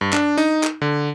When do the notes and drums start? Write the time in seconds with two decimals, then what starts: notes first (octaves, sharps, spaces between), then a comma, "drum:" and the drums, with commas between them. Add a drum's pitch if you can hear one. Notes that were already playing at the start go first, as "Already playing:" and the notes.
0.01 G2
0.13 D4, drum: clap
0.38 D#4, drum: tambourine
0.63 drum: clap
0.82 D3